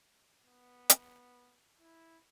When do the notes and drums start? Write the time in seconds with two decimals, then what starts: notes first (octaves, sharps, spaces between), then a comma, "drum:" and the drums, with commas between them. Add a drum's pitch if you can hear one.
0.45 B3
0.90 drum: hi-hat
1.80 E4